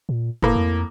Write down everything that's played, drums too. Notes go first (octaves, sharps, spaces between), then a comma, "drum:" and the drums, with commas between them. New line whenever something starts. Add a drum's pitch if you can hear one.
A#2
F#1 A2 A#3, drum: tom G#2
F2